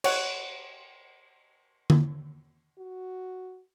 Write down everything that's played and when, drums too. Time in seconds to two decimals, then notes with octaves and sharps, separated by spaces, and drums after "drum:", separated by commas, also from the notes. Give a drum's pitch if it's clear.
0.04 C#5 F#5, drum: cymbal
1.90 drum: tom D3
2.78 F#4